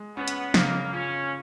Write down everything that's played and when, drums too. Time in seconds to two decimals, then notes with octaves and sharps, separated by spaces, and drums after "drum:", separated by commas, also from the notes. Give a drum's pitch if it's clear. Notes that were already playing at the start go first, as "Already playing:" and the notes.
Already playing: G#3
0.16 B3 C#4
0.28 drum: hi-hat
0.54 C#3 A#3, drum: snare
0.93 C#4 F4